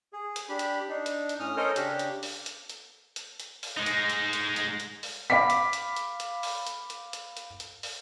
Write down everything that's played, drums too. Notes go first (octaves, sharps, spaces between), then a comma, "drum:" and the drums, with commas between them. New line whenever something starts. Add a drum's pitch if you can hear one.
G#4
drum: hi-hat
D4 G4 B5
drum: hi-hat
D4 D#4
drum: hi-hat
drum: hi-hat
A2 C#4 D#6 F6
C#4 A4 A#4 C5 C#5 D#5
C#3 D4 G4, drum: hi-hat
drum: hi-hat
drum: open hi-hat
drum: hi-hat
drum: hi-hat
drum: hi-hat
drum: hi-hat
drum: open hi-hat
G#3 D#4
drum: hi-hat
drum: hi-hat
drum: hi-hat
drum: hi-hat
drum: hi-hat
drum: open hi-hat
F5 B5 D6 B6
drum: hi-hat
drum: hi-hat
drum: hi-hat
drum: hi-hat
drum: open hi-hat
drum: hi-hat
drum: hi-hat
drum: hi-hat
drum: hi-hat
drum: hi-hat
drum: open hi-hat